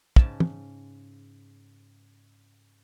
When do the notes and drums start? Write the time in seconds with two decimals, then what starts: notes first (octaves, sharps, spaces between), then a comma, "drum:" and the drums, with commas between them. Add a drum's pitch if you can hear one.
0.16 G#2 C#3 A5, drum: kick
0.40 drum: tom